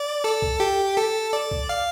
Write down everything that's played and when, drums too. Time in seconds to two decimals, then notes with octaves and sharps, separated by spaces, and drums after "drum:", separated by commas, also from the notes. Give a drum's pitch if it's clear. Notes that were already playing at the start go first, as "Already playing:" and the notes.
Already playing: D5
0.24 A4
0.42 drum: kick C2
0.60 G4
0.97 A4
1.33 D5
1.51 drum: kick C2
1.69 F5